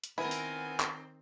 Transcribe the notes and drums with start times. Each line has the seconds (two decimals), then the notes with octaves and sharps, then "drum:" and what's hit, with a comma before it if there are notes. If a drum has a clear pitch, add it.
0.04 drum: hi-hat
0.18 D#3 B3 C4 E4 A#4 G#5
0.31 drum: open hi-hat
0.80 drum: clap